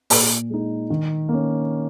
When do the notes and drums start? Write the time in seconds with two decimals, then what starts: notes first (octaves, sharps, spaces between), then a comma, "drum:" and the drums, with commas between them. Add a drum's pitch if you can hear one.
0.10 A#2, drum: open hi-hat
0.50 G#3 D#4
0.90 D#3
1.29 A#3 C#4